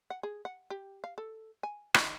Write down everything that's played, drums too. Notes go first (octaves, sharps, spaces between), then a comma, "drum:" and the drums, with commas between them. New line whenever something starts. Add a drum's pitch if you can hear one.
F#5
G#4
F#5
G4
F5
A4
G#5
D#3, drum: rim click